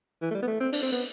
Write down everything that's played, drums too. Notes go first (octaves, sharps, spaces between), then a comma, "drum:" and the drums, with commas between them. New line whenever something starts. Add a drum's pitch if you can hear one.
E3
A3
G3
B3
A3
C4
D4, drum: open hi-hat
C4
B3